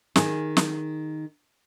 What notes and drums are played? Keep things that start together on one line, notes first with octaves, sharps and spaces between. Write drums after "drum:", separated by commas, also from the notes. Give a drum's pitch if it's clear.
D#3 G#4, drum: snare
drum: snare